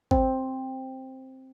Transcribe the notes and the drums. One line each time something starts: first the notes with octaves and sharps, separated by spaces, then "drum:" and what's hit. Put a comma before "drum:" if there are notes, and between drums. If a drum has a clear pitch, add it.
C4, drum: kick G#1